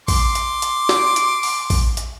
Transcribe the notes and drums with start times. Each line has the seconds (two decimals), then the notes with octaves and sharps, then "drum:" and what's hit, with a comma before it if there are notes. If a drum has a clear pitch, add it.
0.08 C6 D6, drum: kick, open hi-hat
0.35 drum: hi-hat
0.62 drum: hi-hat
0.89 drum: snare
1.16 drum: hi-hat
1.43 drum: open hi-hat
1.70 drum: kick, open hi-hat
1.97 drum: hi-hat